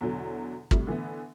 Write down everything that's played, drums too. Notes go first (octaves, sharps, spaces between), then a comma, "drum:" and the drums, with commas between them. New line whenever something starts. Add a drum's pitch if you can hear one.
E2 B2 D3 F#3
A2 C3 G3, drum: kick
D3 E3 A3 B3